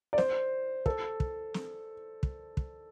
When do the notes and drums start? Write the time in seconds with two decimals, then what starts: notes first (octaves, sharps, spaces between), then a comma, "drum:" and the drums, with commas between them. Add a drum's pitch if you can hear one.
0.13 D5
0.18 C5, drum: snare
0.86 A4, drum: kick
1.20 drum: kick
1.54 drum: snare
2.23 drum: kick
2.57 drum: kick